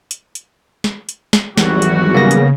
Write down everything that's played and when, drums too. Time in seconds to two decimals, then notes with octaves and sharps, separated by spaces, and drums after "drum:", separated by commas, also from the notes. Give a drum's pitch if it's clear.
0.11 drum: hi-hat
0.35 drum: hi-hat
0.84 drum: snare
1.09 drum: hi-hat
1.33 drum: snare
1.58 G#1 E2 E3 F#3 G3 F#4, drum: snare
1.82 drum: hi-hat
2.14 C#3 A#3 B3 A#6
2.31 drum: hi-hat